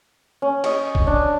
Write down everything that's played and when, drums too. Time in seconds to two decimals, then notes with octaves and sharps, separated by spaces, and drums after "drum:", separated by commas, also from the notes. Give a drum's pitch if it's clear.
0.42 C#4
0.64 D#5 C#6, drum: cymbal
0.95 drum: kick
1.07 D4